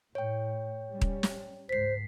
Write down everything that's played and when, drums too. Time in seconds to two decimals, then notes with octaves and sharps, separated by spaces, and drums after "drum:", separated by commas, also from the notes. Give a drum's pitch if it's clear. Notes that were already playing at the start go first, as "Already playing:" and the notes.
0.15 A2 C#5 G5
0.91 G3 C#4
1.01 drum: kick D#1
1.23 drum: snare
1.69 C#2 G#2 C5 B6 C7